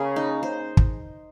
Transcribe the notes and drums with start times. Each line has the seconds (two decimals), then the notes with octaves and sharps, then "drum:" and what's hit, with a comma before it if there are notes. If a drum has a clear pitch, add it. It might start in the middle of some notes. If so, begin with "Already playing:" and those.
Already playing: C#3 A#3 G#4
0.16 D#4
0.43 C5
0.77 drum: kick